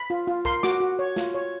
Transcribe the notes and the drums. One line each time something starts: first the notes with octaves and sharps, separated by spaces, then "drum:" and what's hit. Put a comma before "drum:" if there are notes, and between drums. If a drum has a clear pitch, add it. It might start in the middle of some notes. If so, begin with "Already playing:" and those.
Already playing: B5
F4
F4
A#4 C6, drum: kick
F#4 D6, drum: snare
F#4
C#5
F4, drum: snare
C#5